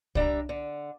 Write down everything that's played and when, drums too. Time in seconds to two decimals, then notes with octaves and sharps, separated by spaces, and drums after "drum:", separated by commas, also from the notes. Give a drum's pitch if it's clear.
0.15 G3 D4 E5 A#5, drum: kick C2
0.49 D3